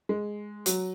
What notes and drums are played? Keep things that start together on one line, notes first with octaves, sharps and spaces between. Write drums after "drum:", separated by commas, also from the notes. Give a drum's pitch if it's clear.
G#3
F#3, drum: hi-hat